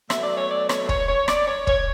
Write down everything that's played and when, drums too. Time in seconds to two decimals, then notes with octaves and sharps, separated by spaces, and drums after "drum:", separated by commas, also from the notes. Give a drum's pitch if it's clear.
0.10 B2 F#3 A3 E5, drum: rim click
0.24 D5
0.37 C#5
0.50 D5
0.69 C#5, drum: rim click
0.89 C#5, drum: kick
1.09 C#5
1.28 D5, drum: rim click
1.47 C#5
1.67 C#5, drum: kick